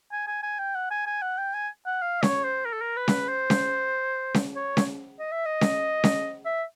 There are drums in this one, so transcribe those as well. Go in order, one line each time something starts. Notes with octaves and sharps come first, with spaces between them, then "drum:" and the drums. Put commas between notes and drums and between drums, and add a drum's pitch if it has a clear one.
G#5
G#5
G#5
G5
F#5
G#5
G#5
F#5
G5
G#5
F#5
F5
C#5, drum: snare C#4
C5
A#4
A4
A#4
B4
drum: snare C#4
C5
drum: snare C#4
drum: snare C#4
C#5
drum: snare C#4
D#5
E5
D#5
drum: snare C#4
drum: snare C#4
E5